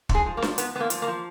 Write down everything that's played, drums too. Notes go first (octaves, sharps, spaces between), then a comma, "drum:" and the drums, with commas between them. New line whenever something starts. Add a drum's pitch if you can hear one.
G#2, drum: kick
G#4
F3
A#3
F3, drum: snare
G#2 B3, drum: hi-hat
G#2 B3
A#3
F3, drum: hi-hat
A#3
F3